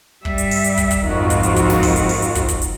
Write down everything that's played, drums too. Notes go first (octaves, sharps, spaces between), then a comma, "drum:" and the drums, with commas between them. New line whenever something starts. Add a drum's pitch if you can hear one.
G2 G3 E5, drum: kick
drum: hi-hat
drum: open hi-hat
drum: hi-hat
drum: kick, hi-hat
drum: kick, hi-hat
F2 G#2 D#3 C4 F4 F#4
drum: kick, hi-hat
drum: hi-hat
drum: kick, hi-hat
drum: snare
drum: kick, open hi-hat
drum: hi-hat
drum: open hi-hat
drum: hi-hat
drum: kick, hi-hat
drum: kick, hi-hat
drum: hi-hat